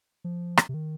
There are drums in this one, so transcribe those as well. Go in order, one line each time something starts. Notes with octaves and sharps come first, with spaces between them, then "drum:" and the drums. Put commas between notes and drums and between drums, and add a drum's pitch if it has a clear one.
F3
drum: rim click
C3
D#3